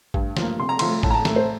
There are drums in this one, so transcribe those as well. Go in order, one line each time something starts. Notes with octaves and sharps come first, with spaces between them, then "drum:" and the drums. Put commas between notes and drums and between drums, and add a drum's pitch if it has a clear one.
G2, drum: kick G#1
F3 A#3, drum: snare
C3 C6
A#5
F3 A3 C6, drum: cymbal
A2 A5, drum: kick G#1
A#5
A5
A3, drum: snare
C5